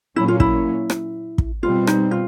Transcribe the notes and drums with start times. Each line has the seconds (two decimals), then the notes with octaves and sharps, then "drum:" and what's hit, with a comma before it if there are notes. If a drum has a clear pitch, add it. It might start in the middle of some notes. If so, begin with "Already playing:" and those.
0.16 A#2 F#3 A#3 C#4 E4
0.28 F4
0.40 E4, drum: kick
0.90 drum: rim click
1.38 drum: kick
1.63 B2 G3 C4 F4
1.87 D#4, drum: rim click
2.11 F4